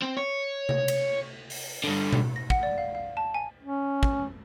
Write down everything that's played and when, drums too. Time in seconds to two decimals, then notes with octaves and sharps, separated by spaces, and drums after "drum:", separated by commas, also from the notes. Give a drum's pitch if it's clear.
0.02 C4
0.17 C#5
0.69 drum: tom C3
0.88 drum: cymbal
1.50 drum: open hi-hat
1.84 G2 D3
2.13 drum: tom B2
2.36 A#6
2.50 F#5, drum: kick
2.63 D5
2.78 F5
2.95 F5
3.17 A5
3.34 G#5
3.63 C#4
4.03 drum: kick